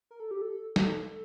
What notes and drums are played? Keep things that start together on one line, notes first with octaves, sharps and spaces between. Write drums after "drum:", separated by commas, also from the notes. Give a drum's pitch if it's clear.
A#4
A4
G4
A4
A4, drum: snare